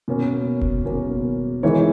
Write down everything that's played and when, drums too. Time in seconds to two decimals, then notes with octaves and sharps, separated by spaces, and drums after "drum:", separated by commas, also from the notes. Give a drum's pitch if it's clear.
0.08 B2 A#3 C#4
0.62 drum: kick F1
0.85 B2 A#3 C#4
1.63 E3 G#3 D#4 A#4 C#5